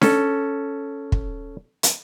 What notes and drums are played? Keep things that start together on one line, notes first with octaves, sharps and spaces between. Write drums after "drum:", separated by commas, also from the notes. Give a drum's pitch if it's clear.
C#4 A4, drum: snare D4
drum: kick
drum: hi-hat